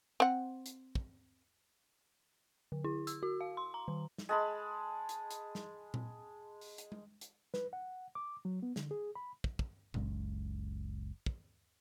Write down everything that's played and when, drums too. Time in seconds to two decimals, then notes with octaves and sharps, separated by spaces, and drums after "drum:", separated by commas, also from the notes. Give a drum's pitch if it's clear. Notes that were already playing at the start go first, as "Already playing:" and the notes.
0.20 C4 F#5
0.66 drum: hi-hat
0.95 drum: kick
2.72 D3
2.84 E4
3.07 E6, drum: hi-hat
3.23 F#4
3.41 F5
3.57 C6
3.74 A#5
3.88 D#3
4.18 drum: snare
4.29 G#3 A5 B5
5.09 drum: hi-hat
5.31 drum: hi-hat
5.55 drum: snare
5.94 drum: tom A#2
6.61 drum: open hi-hat
6.78 drum: hi-hat
6.92 drum: tom G#3
7.21 drum: hi-hat
7.54 B4, drum: snare
7.73 F#5
8.15 D6
8.45 F#3
8.63 B3
8.76 D3, drum: snare
8.91 G#4
9.15 B5
9.44 drum: kick
9.59 drum: kick
9.94 F#1 C#2, drum: tom A#2
11.26 drum: kick